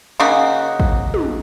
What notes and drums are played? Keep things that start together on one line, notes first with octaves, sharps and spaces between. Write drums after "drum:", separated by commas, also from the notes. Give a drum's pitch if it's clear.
C#3 A#3 D#4 F#4
drum: kick
drum: tom